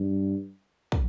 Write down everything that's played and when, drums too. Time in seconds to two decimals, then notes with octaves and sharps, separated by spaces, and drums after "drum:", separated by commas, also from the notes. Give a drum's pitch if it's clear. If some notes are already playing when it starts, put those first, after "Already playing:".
Already playing: G2
0.92 drum: kick